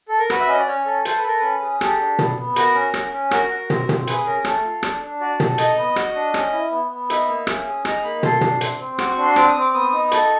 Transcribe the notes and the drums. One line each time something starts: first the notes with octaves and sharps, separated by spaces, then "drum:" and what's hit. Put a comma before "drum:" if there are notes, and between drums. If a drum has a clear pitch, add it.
A4
A#4
F#4 B4, drum: rim click
E5
C#4 D#5
D5
C#4 C#5
A4
A4 C5, drum: hi-hat
B4
A4 A#4
C#4 B4
G#4
G4 A4, drum: rim click
D4
B3, drum: tom
B3
F#4 A#4, drum: hi-hat
C#4
C#4, drum: rim click
C#4
F#4 A#4, drum: rim click
F#4
C4, drum: tom
C4, drum: tom
G#4 B4, drum: hi-hat
C#4 A#4
A3 A4, drum: rim click
F4
D4, drum: rim click
D4
F#4 D5
A4, drum: tom
D#4 D#5, drum: hi-hat
B3
F#4, drum: rim click
D4
C#4, drum: rim click
E4
B3
B3
D#4 E5, drum: hi-hat
A#3
C#4, drum: rim click
G#4
D#4 A#5, drum: rim click
A#3 B5
A4 C6, drum: tom
D4, drum: tom
C4, drum: hi-hat
C4
F#4 D6, drum: rim click
C#6
D4
C6
C4 D6, drum: rim click
D#6
C4
D6
B3 D#6
D#4
A4 C#6, drum: hi-hat